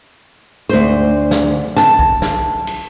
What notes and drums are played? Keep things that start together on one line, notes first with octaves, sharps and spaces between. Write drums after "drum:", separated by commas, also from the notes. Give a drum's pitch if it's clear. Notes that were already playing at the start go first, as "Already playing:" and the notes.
D2 C5
drum: snare
A5, drum: snare
drum: kick
drum: snare
drum: cymbal